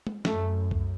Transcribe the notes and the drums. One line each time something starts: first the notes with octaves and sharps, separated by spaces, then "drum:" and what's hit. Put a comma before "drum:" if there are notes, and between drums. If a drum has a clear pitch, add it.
drum: tom G#3
F#2 A3, drum: snare
drum: kick C2